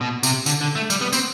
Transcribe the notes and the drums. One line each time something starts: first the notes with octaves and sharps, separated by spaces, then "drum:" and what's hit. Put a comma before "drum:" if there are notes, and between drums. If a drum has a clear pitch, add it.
B2
C3, drum: tambourine
D3, drum: tambourine
D3
A3
G3, drum: tambourine
B3
C4, drum: tambourine